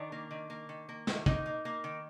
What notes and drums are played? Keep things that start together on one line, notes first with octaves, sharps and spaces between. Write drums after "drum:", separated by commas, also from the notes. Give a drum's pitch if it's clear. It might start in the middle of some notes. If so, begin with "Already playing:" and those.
Already playing: D#3 D4
A#3
D#3
A#3
D#3
A#3
D#3, drum: snare
A#3 D#4, drum: kick
A#3
A#3
D#3